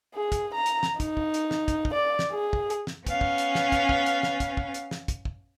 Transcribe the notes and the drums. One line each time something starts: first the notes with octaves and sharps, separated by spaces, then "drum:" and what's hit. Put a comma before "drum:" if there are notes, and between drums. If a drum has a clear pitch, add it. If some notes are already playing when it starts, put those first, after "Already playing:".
G#4
drum: kick, hi-hat
A#5
drum: hi-hat
drum: snare
D#4, drum: kick, hi-hat
drum: kick
drum: hi-hat
drum: snare
drum: kick, hi-hat
drum: kick
D5
drum: snare
G#4
drum: kick
drum: hi-hat
drum: snare
B3 C#4 F5, drum: kick, hi-hat
drum: kick
drum: hi-hat
drum: snare
drum: kick, hi-hat
drum: kick
drum: hi-hat
drum: snare
drum: kick, hi-hat
drum: kick
drum: hi-hat
drum: snare
drum: kick, hi-hat
drum: kick